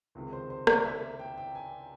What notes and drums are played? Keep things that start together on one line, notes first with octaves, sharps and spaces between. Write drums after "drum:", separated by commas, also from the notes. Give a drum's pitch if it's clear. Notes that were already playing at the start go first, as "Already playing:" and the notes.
C#2 C3 D#3 G#3
C5
C5
D5, drum: rim click
E5
G5
G5
G#5